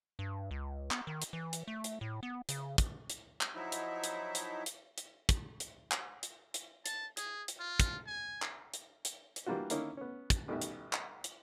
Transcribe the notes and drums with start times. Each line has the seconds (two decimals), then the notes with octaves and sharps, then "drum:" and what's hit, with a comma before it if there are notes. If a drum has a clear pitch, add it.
0.19 G2
0.51 C#2
0.91 B3, drum: clap
1.07 D#3
1.22 drum: hi-hat
1.33 E3
1.53 drum: hi-hat
1.68 A3
1.84 drum: hi-hat
2.01 A2
2.23 B3
2.49 C#3, drum: hi-hat
2.78 drum: kick, hi-hat
3.10 drum: hi-hat
3.41 drum: clap
3.55 F3 F#3 D#4 E4 E5
3.72 drum: hi-hat
4.04 drum: hi-hat
4.35 drum: hi-hat
4.66 drum: hi-hat
4.98 drum: hi-hat
5.29 drum: kick, hi-hat
5.60 drum: hi-hat
5.92 drum: clap
6.23 drum: hi-hat
6.54 drum: hi-hat
6.86 A5, drum: hi-hat
7.17 G#4, drum: hi-hat
7.48 drum: hi-hat
7.59 F4
7.80 drum: kick, hi-hat
8.07 G#5
8.42 drum: clap
8.74 drum: hi-hat
9.05 drum: hi-hat
9.36 drum: hi-hat
9.46 E3 G3 A#3 D4 F4 F#4
9.70 D3 D#3 A#3 C#4 D#4 E4, drum: hi-hat
9.97 B3 C#4
10.30 drum: kick, hi-hat
10.48 A1 B2 D#3 G3 E5
10.62 drum: hi-hat
10.93 drum: clap
11.24 drum: hi-hat